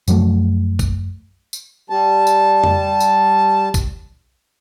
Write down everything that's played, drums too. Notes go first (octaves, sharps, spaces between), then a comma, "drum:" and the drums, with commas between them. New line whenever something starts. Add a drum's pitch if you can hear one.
F#2 F3 F#3 A3, drum: tambourine
drum: kick A#1, tambourine
drum: tambourine
G3 A5
drum: tambourine
drum: tom F2
drum: tambourine
drum: kick A#1, tambourine